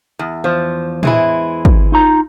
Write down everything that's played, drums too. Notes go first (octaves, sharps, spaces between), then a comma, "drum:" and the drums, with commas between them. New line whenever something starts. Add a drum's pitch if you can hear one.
E2
E2 F3 C5
E3 G#3 E4, drum: tom
drum: kick
D#4 F4 A#5